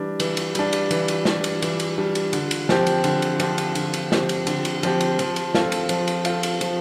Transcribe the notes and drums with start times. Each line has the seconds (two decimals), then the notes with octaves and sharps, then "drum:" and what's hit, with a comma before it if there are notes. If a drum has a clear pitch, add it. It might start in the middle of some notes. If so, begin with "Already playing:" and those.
Already playing: E3 G3 D4
0.20 E3, drum: cymbal
0.37 drum: cymbal
0.55 G3 D4, drum: cymbal
0.73 drum: cymbal
0.91 E3, drum: cymbal
1.08 drum: cymbal
1.25 G3 D4, drum: snare
1.44 drum: cymbal
1.62 E3, drum: cymbal
1.80 drum: cymbal
1.98 G3 D4
2.15 drum: cymbal
2.33 D3, drum: cymbal
2.51 drum: cymbal
2.69 F3 C4 G4, drum: snare
2.87 drum: cymbal
3.04 D3, drum: cymbal
3.22 drum: cymbal
3.40 F3 C4 G4, drum: cymbal
3.58 drum: cymbal
3.75 D3, drum: cymbal
3.93 drum: cymbal
4.12 F3 C4 G4, drum: snare
4.29 drum: cymbal
4.47 D3, drum: cymbal
4.65 drum: cymbal
4.83 F3 C4 G4, drum: cymbal
5.00 drum: cymbal
5.19 F3, drum: cymbal
5.36 drum: cymbal
5.55 C4 F4 A4, drum: snare
5.72 drum: cymbal
5.89 F3, drum: cymbal
6.07 drum: cymbal
6.25 C4 F4 A4, drum: cymbal
6.43 drum: cymbal
6.61 F3, drum: cymbal